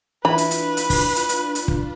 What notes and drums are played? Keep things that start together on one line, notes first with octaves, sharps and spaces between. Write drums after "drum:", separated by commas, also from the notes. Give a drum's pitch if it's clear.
E3 D4 F4 B4 B5
drum: hi-hat
drum: hi-hat
drum: hi-hat
drum: kick, open hi-hat
drum: hi-hat
drum: hi-hat
drum: hi-hat
drum: kick